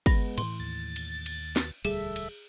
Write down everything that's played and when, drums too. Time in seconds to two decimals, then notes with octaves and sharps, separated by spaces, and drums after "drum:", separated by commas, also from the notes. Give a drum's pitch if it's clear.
0.06 G#3 B3 B5 A#6, drum: kick, cymbal
0.38 A2 E3 C6, drum: cymbal
0.60 D#2 A6
0.96 drum: cymbal
1.26 drum: cymbal
1.56 drum: snare
1.85 E1 D2 G3 G#4 A4 E5, drum: cymbal
2.16 drum: cymbal